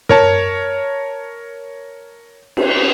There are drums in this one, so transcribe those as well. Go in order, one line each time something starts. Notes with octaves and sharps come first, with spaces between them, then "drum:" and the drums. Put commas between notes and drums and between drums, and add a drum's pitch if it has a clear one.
A#4 C#5 A5, drum: tom
drum: cymbal